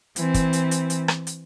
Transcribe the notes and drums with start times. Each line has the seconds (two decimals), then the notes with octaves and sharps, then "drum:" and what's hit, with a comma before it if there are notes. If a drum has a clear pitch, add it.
0.16 E3 C4, drum: hi-hat
0.34 drum: kick, hi-hat
0.53 drum: hi-hat
0.71 drum: hi-hat
0.90 drum: hi-hat
1.08 drum: rim click
1.27 drum: hi-hat